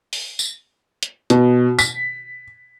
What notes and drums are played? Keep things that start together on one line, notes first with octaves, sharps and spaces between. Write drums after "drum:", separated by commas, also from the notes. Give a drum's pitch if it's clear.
drum: open hi-hat
drum: tambourine
drum: hi-hat
B2, drum: hi-hat
B6, drum: tambourine